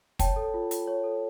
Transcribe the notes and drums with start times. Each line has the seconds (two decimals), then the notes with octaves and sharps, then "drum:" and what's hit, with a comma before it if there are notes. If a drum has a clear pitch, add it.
0.19 C#5 G5 A5, drum: kick, hi-hat
0.36 A4
0.54 F4
0.71 F4, drum: hi-hat
0.87 C#5
1.04 A4